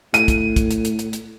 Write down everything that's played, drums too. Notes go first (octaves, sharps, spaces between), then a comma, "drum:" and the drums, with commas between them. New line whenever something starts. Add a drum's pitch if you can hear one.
A2 D#7, drum: hi-hat
drum: kick, hi-hat
drum: kick, hi-hat
drum: hi-hat
drum: hi-hat
drum: hi-hat
drum: hi-hat